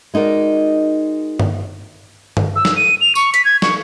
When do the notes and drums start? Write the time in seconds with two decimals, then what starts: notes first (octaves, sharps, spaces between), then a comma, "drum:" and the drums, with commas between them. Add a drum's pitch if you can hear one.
0.14 G#3 D#4 F#4 A#4 D5
1.40 drum: tom
2.37 drum: tom
2.56 E6
2.65 drum: snare
2.76 D#7
3.01 F7
3.15 C#6, drum: tambourine
3.34 B6, drum: hi-hat
3.45 G#6
3.62 C#6, drum: snare